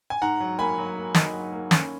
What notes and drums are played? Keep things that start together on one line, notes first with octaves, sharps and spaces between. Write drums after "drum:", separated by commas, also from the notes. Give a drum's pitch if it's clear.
G#5
G#2 F#5 A#5
F#3
A#3 G#5 B5
F#3
A#3
D#4, drum: snare
F#3
A#3
C#4, drum: snare